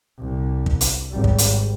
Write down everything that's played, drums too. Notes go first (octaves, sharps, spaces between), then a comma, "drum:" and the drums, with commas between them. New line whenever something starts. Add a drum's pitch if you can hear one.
C2
drum: kick
drum: hi-hat
G#1 G3
drum: kick
drum: hi-hat